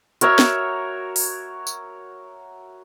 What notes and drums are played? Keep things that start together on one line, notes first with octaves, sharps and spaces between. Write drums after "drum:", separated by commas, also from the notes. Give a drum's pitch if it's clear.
F#4 A#4 C#5 E5, drum: hi-hat
drum: snare
drum: open hi-hat
drum: tambourine